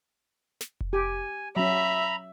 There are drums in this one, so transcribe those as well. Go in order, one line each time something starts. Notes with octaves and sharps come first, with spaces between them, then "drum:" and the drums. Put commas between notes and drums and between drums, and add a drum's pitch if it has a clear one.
drum: snare
drum: kick F1
G4 G#5
F#3 C#4 E5 A#5 B5